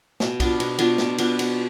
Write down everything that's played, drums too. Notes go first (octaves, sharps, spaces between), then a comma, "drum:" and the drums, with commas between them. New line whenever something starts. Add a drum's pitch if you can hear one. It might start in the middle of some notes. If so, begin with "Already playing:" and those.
B2, drum: snare
B3 D4 F4, drum: kick B1, cymbal
B2, drum: cymbal
B3 D4 F4, drum: cymbal
B2, drum: snare
B3 D4 F4, drum: cymbal
B2, drum: cymbal